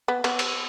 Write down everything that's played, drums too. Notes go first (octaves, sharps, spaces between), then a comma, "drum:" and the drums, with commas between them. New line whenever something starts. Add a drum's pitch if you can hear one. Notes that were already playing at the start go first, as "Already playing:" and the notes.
B3
B3, drum: cymbal
drum: cymbal